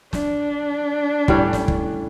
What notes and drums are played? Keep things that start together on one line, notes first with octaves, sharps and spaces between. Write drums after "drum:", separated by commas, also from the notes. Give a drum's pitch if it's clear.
D4, drum: snare
A2 G3 C#4, drum: kick
drum: snare
drum: kick